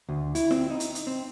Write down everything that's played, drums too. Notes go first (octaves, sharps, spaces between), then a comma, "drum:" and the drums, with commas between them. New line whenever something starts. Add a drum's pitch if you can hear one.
D2
E4, drum: hi-hat
C4, drum: snare F4
D#4
drum: hi-hat
drum: hi-hat
C4